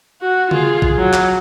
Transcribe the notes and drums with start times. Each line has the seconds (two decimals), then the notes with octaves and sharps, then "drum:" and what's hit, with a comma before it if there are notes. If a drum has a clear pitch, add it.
0.21 F#4
0.51 F4 G#4, drum: tom C#3
0.82 drum: kick A1
0.98 F#3
1.13 drum: clap